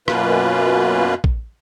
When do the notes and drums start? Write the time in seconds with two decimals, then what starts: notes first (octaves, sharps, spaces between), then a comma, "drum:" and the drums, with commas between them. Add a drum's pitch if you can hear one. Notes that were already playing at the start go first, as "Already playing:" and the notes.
0.08 F#2 B2 A#3 F4 B4, drum: rim click
1.24 drum: kick